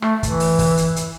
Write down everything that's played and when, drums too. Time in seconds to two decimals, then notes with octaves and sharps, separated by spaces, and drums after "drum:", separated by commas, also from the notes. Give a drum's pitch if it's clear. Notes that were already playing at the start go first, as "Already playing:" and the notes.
0.02 A3, drum: rim click
0.23 E3, drum: kick, hi-hat
0.40 drum: open hi-hat
0.59 drum: kick, open hi-hat
0.77 drum: hi-hat
0.96 drum: hi-hat